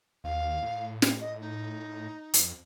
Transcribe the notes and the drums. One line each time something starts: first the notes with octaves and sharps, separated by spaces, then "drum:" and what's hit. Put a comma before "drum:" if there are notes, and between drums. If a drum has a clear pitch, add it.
D#2 F5
A2
drum: snare
D#5
D#4
F2, drum: hi-hat